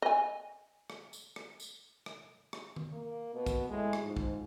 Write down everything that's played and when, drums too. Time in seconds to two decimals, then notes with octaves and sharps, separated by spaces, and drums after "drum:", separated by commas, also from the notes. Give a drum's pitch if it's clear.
0.02 D#5 G#5
0.90 drum: rim click
1.13 drum: tambourine
1.36 drum: rim click
1.60 drum: tambourine
2.06 drum: rim click
2.53 drum: rim click
2.76 drum: tom D#3
2.93 A#3
3.34 B2 B3
3.46 drum: kick, tambourine
3.70 A2 G#3
3.93 drum: rim click
4.03 G#2 F3
4.17 drum: kick